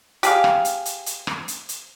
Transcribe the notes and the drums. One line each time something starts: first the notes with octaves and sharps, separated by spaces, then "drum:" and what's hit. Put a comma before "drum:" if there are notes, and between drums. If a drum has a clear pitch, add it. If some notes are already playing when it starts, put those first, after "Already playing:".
G4 G#4 F5, drum: hi-hat
drum: rim click
drum: hi-hat
drum: hi-hat
drum: hi-hat
drum: rim click
drum: hi-hat
drum: hi-hat